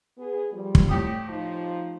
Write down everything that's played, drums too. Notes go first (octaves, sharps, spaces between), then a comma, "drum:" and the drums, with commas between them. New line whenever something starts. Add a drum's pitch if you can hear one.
B3 G#4
F3 G3
drum: kick
A2 G4 D#6
F3 D#4